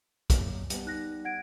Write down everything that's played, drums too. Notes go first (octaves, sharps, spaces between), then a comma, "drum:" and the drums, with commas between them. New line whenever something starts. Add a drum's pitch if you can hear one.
F#2 A#3, drum: kick, hi-hat
G3 B3, drum: hi-hat
D#4 F#6 A#6
F#5 G#6 D7